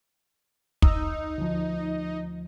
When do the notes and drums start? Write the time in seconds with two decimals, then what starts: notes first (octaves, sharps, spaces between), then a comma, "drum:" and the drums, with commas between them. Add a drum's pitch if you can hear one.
0.82 D#4 D#6 E6, drum: kick
1.38 D2 F3